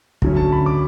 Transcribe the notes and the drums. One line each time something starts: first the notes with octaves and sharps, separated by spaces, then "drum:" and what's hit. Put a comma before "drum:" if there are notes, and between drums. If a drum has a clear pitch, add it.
D2 D3 F#3 C#4, drum: kick
A5
B5
D6